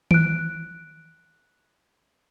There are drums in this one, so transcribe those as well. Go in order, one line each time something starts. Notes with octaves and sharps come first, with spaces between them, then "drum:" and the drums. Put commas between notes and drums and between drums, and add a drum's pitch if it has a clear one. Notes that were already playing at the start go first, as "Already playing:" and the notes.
F#6 D7, drum: tom D#3